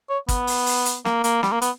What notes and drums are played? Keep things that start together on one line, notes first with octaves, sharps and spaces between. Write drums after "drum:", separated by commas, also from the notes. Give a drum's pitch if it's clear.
C#5
B3, drum: kick, hi-hat
drum: open hi-hat
drum: open hi-hat
drum: hi-hat
A#3, drum: snare
A#3, drum: hi-hat
G3, drum: snare
A#3
B3, drum: hi-hat